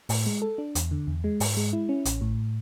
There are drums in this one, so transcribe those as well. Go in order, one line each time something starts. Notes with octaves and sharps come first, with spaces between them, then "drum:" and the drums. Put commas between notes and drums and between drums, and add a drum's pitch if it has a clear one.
A2, drum: open hi-hat
G#3
A4
D4
E2, drum: hi-hat
D3
E2
G#3
G#2, drum: open hi-hat
G#3
E4
C#4
A1, drum: hi-hat
A2